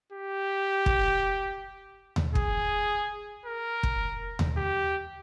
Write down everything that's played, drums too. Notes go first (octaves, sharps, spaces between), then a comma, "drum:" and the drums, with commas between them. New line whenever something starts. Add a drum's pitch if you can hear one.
G4
drum: kick
drum: tom D#2
G#4, drum: kick
A#4
drum: kick
drum: tom D#2
G4